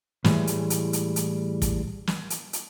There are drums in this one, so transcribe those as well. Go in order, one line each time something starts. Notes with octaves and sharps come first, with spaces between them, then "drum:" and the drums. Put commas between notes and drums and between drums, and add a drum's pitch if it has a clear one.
A2 E3 G3 G#3, drum: snare
drum: hi-hat
drum: hi-hat
drum: hi-hat
drum: hi-hat
drum: kick, hi-hat
drum: snare
drum: hi-hat
drum: hi-hat